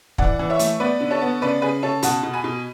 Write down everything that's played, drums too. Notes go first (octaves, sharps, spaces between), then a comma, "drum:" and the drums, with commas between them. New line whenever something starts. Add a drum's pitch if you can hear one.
E3 D5 F#5, drum: kick
E3
C#5 E5
A3, drum: hi-hat
B3 B4 D5
D3
A4 C#5
B3
C#3 B4 D5
C#3 G#4 B4
C#3 A4 C#5
B2 F#5 A5, drum: hi-hat
B2
G#5 B5
B2